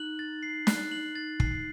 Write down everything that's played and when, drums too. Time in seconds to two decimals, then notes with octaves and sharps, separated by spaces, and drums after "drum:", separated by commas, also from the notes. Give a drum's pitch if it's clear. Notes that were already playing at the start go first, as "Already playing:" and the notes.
Already playing: D#4 F#6 F#7
0.19 A6
0.43 C7
0.67 F#6, drum: snare
0.91 F#7
1.16 A6
1.40 C7, drum: kick